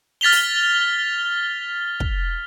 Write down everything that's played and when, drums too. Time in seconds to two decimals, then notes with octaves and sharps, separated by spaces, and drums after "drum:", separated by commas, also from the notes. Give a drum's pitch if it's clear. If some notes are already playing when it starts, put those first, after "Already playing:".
0.21 F6 A6 B6 F7 G7
0.32 drum: open hi-hat
2.00 drum: kick